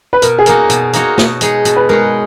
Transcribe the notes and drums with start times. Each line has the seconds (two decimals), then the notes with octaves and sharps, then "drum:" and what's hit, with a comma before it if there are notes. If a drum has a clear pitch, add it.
0.13 B4
0.22 B2 A#4, drum: hi-hat
0.38 G#4
0.46 A#3 D#4 F#4 A#4 C#5, drum: hi-hat
0.70 B2, drum: hi-hat
0.93 A#3 D#4 F#4 C#5, drum: hi-hat
1.18 B2, drum: snare
1.41 G#3 D#4 G#4 C#5, drum: hi-hat
1.65 B2, drum: hi-hat
1.76 B4
1.89 G#3 D#4 G#4 A#4 C#5